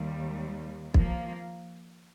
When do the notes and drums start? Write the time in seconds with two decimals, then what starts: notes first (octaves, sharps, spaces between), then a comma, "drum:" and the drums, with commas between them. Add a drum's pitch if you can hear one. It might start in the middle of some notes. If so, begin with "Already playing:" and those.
Already playing: D#2 D#3 G3
0.94 F3 A#3, drum: kick